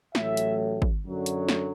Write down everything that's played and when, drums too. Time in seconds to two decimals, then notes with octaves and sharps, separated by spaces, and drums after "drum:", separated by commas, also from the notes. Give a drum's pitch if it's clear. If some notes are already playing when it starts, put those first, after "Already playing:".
0.15 A1 A2 F#3 A3 E5, drum: snare
0.37 drum: hi-hat
0.82 drum: kick
1.04 F#2 D3 F#3
1.26 drum: hi-hat
1.49 drum: snare